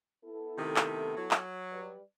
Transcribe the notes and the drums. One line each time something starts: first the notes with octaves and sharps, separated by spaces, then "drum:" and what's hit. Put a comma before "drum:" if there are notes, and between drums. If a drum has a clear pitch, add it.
B3 E4 A4
C3 D#3 A3
drum: clap
F#3
drum: clap
G3 B4 D5